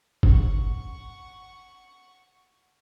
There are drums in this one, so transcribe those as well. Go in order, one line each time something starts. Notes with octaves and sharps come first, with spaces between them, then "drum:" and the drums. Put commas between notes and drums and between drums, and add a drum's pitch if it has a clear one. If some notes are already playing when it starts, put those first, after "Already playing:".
F#5 C#6, drum: kick G1